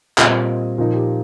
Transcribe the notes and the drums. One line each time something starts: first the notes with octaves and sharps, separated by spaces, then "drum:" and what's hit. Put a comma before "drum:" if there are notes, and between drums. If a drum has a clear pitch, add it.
A#2 G3 C4 D#5, drum: clap
A#2 F3 A#3 D#4
G4